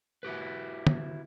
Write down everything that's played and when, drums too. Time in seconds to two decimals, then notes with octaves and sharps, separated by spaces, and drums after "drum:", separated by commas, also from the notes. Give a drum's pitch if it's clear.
0.23 E4 F#4 G4 B4
0.87 drum: tom